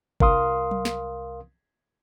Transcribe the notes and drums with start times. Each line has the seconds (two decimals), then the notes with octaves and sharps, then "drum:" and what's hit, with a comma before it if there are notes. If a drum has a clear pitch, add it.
0.20 C2 A#4 F5 C6 D#6, drum: kick
0.71 drum: tom F#3
0.85 drum: snare